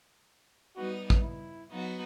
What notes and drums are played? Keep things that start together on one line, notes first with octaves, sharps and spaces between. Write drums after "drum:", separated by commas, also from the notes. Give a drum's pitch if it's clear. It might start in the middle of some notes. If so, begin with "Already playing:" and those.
G3 B3 D#4 F#4
drum: kick
E4
F#3 B3 D#4 F#4